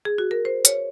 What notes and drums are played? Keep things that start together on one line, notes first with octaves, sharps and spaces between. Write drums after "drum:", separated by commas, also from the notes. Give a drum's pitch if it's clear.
G#4
F#4
A#4
C5
C#5, drum: hi-hat